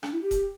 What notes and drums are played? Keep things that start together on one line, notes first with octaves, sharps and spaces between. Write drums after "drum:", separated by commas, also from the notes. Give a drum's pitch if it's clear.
D4, drum: rim click
E4
G4
drum: kick D#1, hi-hat